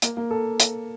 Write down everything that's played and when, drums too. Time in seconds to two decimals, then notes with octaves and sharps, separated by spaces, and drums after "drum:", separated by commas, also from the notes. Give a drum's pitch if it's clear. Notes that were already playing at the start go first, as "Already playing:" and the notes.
0.02 A#3, drum: hi-hat
0.17 A#3
0.31 A4
0.60 drum: hi-hat